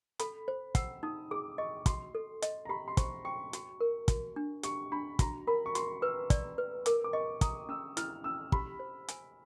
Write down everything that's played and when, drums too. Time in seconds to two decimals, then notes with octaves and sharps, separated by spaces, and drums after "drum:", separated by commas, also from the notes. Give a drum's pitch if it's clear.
0.19 A4 B5, drum: hi-hat
0.48 C5
0.75 F#5 E6, drum: kick, hi-hat
1.03 D#4 D#6
1.31 G#4 D6
1.58 D#5 C#6
1.86 F#4 C6, drum: kick, hi-hat
2.15 A4
2.42 D#5, drum: hi-hat
2.65 A#5
2.69 G4 B5
2.88 C6
2.97 C5 C#6, drum: kick, hi-hat
3.25 G5 C#6
3.53 F#4, drum: hi-hat
3.81 A#4
4.08 F#4, drum: kick, hi-hat
4.36 D4
4.63 G4 C#6, drum: hi-hat
4.92 D4 B5
5.19 F#4 A#5, drum: kick, hi-hat
5.47 A#4 B5
5.66 C#6
5.75 F#4 C6, drum: hi-hat
6.02 B4 E6
6.30 D5, drum: kick, hi-hat
6.58 B4
6.86 A#4 D6, drum: hi-hat
7.04 D6
7.13 D#5 C#6
7.41 A#5 D#6, drum: kick, hi-hat
7.69 C#4 E6
7.97 E4 F6, drum: hi-hat
8.24 C#4 E6
8.52 G4 B5, drum: kick
8.80 C5
9.08 G#5, drum: hi-hat